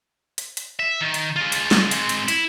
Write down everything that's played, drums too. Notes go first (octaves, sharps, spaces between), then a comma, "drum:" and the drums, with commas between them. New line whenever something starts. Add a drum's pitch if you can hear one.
drum: hi-hat
drum: hi-hat
E5
D#3
drum: hi-hat
G#3 F4
drum: hi-hat
drum: snare
G#3 C4, drum: hi-hat
drum: hi-hat
E4, drum: hi-hat